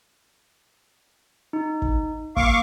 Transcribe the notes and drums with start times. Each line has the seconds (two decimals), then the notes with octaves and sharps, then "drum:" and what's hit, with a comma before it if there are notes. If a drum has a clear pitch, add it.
1.53 D#4
1.82 drum: kick
2.36 A#3 F5 C#6 D6, drum: kick